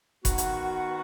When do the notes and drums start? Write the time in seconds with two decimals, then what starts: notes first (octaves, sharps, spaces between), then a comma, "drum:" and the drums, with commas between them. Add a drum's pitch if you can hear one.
0.25 D#3 B3 F#4, drum: kick F1, hi-hat
0.38 drum: hi-hat